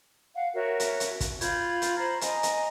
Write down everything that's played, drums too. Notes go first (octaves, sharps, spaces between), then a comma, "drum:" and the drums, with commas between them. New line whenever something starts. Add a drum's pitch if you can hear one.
F5 F#5
F#4 A#4 C#5 E5
drum: hi-hat
drum: hi-hat
drum: kick, hi-hat
F4 B5 G6 G#6, drum: hi-hat
drum: hi-hat
C5 A#5 B5
D#5 G#5 A#5, drum: hi-hat
drum: hi-hat